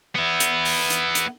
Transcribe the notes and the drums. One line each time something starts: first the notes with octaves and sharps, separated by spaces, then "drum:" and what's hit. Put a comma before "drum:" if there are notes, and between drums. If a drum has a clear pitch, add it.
B3 E4
drum: hi-hat
drum: open hi-hat
drum: hi-hat
drum: hi-hat